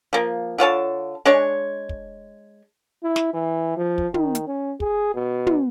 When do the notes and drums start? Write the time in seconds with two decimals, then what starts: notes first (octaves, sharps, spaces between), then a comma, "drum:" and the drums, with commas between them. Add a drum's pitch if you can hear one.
0.13 F3 A#3
0.58 D3 F4 C#5 A5
1.25 G#3 D4 C#5
1.89 drum: kick
3.03 E4
3.16 drum: snare
3.34 E3
3.77 F3
3.98 drum: kick
4.14 D#3, drum: tom
4.35 drum: hi-hat
4.47 C#4
4.80 G#4, drum: kick
5.14 B2
5.47 drum: tom